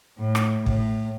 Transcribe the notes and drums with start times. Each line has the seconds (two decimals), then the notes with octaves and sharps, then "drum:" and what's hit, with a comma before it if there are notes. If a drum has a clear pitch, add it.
0.19 A2
0.35 drum: rim click
0.66 A2, drum: kick